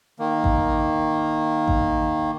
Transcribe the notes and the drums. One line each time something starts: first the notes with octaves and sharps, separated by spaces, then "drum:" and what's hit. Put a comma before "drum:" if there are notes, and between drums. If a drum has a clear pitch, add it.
D#3 A#3
drum: kick A1
drum: kick A1